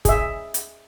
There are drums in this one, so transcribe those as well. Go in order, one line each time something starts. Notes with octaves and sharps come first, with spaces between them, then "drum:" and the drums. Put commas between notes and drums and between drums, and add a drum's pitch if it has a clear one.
G#4 E5, drum: kick, hi-hat
drum: hi-hat